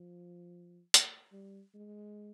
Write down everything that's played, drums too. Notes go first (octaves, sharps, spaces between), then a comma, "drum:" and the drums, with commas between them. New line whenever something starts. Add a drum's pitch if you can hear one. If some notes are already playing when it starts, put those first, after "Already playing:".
Already playing: F3
drum: hi-hat
G3
G#3